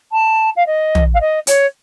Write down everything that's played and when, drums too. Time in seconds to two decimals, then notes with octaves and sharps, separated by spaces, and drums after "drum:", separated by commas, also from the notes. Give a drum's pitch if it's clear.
0.12 A5
0.56 F5
0.66 D#5
0.95 drum: tom
1.14 F5
1.20 D#5
1.47 C#5, drum: hi-hat